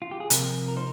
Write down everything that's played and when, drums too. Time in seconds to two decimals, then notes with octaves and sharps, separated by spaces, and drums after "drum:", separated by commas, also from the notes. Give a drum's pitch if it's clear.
0.02 F4
0.11 G4
0.20 G#4
0.30 C3 F3 A#3 A#4, drum: hi-hat
0.68 A#4
0.76 C4 D#4 C5